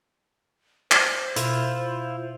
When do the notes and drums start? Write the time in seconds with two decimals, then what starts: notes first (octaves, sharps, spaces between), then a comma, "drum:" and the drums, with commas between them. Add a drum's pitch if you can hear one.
0.91 C5, drum: clap
1.36 B2 E4 F4, drum: hi-hat